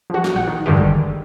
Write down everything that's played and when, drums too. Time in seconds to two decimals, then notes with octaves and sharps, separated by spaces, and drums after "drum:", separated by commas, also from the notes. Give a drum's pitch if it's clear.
0.10 F3 F#4
0.24 drum: snare
0.35 A#1 F#5
0.47 D#3
0.66 G2 D3 D#3 G#3 G4
0.77 drum: kick